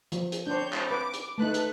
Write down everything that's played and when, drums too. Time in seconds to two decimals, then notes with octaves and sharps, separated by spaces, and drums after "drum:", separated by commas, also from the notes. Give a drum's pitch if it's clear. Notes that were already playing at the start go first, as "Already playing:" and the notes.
0.12 F3, drum: hi-hat
0.32 drum: hi-hat
0.47 C4 D4 C5 C#5 G6
0.73 drum: clap
0.91 B4 D6
1.14 drum: hi-hat
1.38 A3 D#4 A4 B4 F#6
1.54 drum: hi-hat